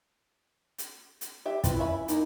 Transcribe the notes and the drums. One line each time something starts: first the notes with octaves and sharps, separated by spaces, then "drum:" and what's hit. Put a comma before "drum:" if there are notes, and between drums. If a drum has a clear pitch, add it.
drum: hi-hat
drum: hi-hat
G4 E5
C4 E4 F4 B4, drum: kick, hi-hat
C#4 E5 B5
A#3 D#4 A#4, drum: hi-hat